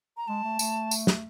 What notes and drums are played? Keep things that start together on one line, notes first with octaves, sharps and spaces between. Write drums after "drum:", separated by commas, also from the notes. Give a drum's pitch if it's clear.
A#5
G#3 A5
A3
A3, drum: tambourine
drum: tambourine
drum: snare